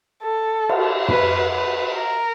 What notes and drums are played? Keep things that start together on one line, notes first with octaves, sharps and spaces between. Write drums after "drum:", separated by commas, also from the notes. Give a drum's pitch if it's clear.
A4
drum: cymbal
B4, drum: tom
B4
A#4